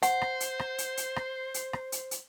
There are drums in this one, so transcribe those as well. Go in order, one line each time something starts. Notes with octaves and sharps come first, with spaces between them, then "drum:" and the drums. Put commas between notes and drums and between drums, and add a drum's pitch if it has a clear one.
C5 F#5, drum: hi-hat
drum: rim click
drum: hi-hat
drum: rim click
drum: hi-hat
drum: hi-hat
drum: rim click
drum: hi-hat
drum: rim click
drum: hi-hat
drum: hi-hat